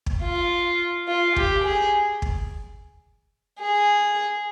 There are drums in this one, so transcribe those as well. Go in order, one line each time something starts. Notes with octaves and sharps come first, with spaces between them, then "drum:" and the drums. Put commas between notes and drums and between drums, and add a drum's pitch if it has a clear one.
drum: kick
F4
F4
G4, drum: kick
G#4
drum: kick
G#4